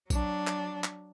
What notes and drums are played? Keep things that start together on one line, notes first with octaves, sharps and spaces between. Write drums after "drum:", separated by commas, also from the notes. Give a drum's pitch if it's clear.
F#3 D4, drum: kick, tambourine
drum: clap
drum: clap